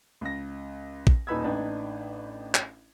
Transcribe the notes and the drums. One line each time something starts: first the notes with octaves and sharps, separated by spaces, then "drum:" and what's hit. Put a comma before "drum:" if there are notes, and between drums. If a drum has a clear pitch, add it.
C#2 A#6
drum: kick
D#1 D#4 B4 B5 E6 G#6
A1 D4 D#4 B4 G5
drum: clap